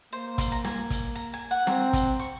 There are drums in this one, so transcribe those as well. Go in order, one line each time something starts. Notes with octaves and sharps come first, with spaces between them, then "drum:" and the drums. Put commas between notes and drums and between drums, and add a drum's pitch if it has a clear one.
A#3 C5
C6, drum: kick, hi-hat
A#5
G#5, drum: snare
drum: kick, hi-hat
A#5
G#5
F#5
C4 A#5, drum: snare
drum: kick, hi-hat
C#6